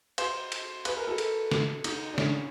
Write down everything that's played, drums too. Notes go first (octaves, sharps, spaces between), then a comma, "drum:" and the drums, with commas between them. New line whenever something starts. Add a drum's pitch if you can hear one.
C5, drum: cymbal
drum: cymbal
B4, drum: cymbal
A#4
A4
drum: cymbal
drum: snare
D#4, drum: cymbal
D4
C#4, drum: snare